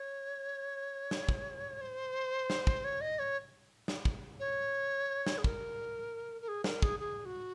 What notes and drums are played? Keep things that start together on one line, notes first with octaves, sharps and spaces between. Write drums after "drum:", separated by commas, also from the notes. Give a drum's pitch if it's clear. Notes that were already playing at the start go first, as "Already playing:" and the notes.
Already playing: C#5
drum: snare
drum: kick
C5
drum: snare
drum: kick
C#5
D#5
C#5
drum: snare
drum: kick
C#5
drum: snare
G#4
A#4, drum: kick
A#4
G#4
A#4, drum: snare
G#4, drum: kick
G#4
F#4